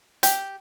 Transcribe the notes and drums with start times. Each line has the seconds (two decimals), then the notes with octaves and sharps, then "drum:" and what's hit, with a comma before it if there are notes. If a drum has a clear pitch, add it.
0.23 G4, drum: hi-hat